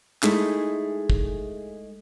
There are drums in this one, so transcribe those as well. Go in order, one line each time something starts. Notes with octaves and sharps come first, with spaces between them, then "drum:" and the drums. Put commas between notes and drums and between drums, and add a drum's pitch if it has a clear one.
G#3 A3 D#4 E4 G#4 A4, drum: clap
drum: kick